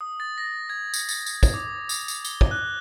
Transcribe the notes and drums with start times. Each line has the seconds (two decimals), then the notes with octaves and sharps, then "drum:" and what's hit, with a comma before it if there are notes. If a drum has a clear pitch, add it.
0.01 D#6
0.20 A6
0.38 A#6
0.70 G#6
0.94 drum: tambourine
1.09 A6, drum: tambourine
1.26 drum: tambourine
1.43 drum: kick, tambourine
1.54 D6
1.89 D#6, drum: tambourine
2.08 drum: tambourine
2.25 G7, drum: tambourine
2.41 drum: kick
2.51 F#6